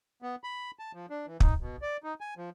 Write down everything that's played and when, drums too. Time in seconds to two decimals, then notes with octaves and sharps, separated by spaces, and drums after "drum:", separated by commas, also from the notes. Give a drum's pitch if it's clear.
0.22 B3
0.44 B5
0.79 A5
0.94 F3
1.10 D4
1.26 E3
1.40 D#4, drum: kick
1.60 B2
1.82 D5
2.04 D#4
2.21 G#5
2.37 F3